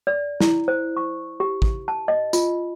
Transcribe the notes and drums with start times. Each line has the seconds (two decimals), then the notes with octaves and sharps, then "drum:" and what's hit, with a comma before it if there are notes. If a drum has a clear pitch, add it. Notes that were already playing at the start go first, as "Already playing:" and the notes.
0.07 D5
0.40 E4, drum: snare
0.68 C5
0.97 C#6
1.40 G4
1.62 drum: kick
1.88 A5
2.08 D#5
2.33 F4, drum: tambourine